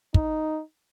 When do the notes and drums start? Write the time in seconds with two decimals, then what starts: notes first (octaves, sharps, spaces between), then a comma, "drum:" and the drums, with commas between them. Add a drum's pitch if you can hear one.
0.14 D#4, drum: kick